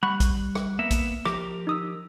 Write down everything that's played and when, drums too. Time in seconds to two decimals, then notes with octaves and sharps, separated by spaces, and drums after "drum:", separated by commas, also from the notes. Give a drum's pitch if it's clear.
0.03 G3 F#5 B5 C#6 F#6
0.20 drum: kick, hi-hat
0.55 drum: rim click
0.79 A#3 B3 E5
0.91 drum: kick, hi-hat
1.25 F3 G4 A#4 D6, drum: rim click
1.67 D#4 D#6 E6